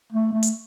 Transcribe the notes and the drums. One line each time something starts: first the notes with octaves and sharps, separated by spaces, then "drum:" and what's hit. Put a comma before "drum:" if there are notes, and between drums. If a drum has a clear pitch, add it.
A3
A3
drum: hi-hat